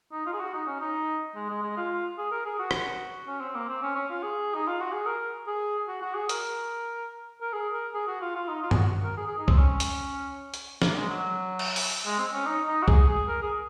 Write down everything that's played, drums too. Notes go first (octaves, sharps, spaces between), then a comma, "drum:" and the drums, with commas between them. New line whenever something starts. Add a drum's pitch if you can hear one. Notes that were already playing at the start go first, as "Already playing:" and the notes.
D#4
F4
G#4
F#4
D#4
C#4
D#4
G#3
G#3
G#3
F4
G#4
A#4
G#4
F#4
drum: rim click
C#4
C4
A#3
C4
C#4
C#4
F4
G#4
D#4
F4
F#4
G#4
A#4
G#4
F#4
F#4
G#4
A#4, drum: hi-hat
A#4
G#4
A#4
G#4
F#4
F4
F4
D#4
F4
G#4, drum: tom G2
F#4
A#4
G#4
G#4
D#4
C4, drum: kick C2
C#4
drum: hi-hat
drum: hi-hat
A#3, drum: snare
G#3
F#3
drum: cymbal
drum: open hi-hat
G#3
C4
C#4
D#4
D#4
F#4
G#4, drum: kick C2
G#4
A#4
G#4